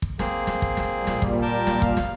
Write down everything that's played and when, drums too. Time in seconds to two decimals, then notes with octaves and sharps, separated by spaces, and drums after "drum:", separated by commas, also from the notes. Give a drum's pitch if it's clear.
0.02 drum: kick
0.19 A#3 C4 G#4, drum: snare
0.47 drum: snare
0.62 drum: kick
0.77 drum: snare
0.97 A#2 G3
1.07 drum: snare
1.22 drum: kick
1.42 A#4 G5 A5
1.67 drum: snare
1.82 F5, drum: kick
1.97 drum: snare